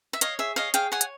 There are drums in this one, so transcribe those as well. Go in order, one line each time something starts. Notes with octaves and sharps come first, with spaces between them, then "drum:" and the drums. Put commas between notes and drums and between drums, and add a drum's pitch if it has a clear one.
E5
C#5 D#5 F5, drum: hi-hat
G#4 E5
C#5 D#5 F5
G#4 F5 G5, drum: hi-hat
C#5 F#5 G#5
drum: hi-hat